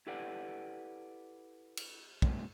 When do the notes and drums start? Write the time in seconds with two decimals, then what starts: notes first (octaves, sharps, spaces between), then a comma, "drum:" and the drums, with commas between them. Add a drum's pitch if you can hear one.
0.07 E4 G4 A4 B4 D5 F#5
1.77 drum: cymbal
2.22 A2 C3 F#3 G#3 A#3 B3, drum: kick